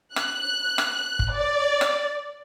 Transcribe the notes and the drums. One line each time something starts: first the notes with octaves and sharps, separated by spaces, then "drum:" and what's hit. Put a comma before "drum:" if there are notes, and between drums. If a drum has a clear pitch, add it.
F#6, drum: rim click
drum: rim click
drum: kick
D5
drum: rim click